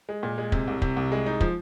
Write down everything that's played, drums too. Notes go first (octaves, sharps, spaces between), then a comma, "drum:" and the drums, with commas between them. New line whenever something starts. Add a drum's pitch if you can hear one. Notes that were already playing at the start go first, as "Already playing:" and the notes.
G#3
A#2
G#3
C3, drum: kick
C2
C3, drum: kick
C2
G#3
D#4
F3, drum: kick